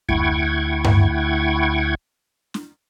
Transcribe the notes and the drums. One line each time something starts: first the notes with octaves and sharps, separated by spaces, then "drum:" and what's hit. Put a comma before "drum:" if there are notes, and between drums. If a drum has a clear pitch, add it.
D2 E4 F#5 G5 C#6 G#6, drum: kick F#2
drum: tom G2
drum: snare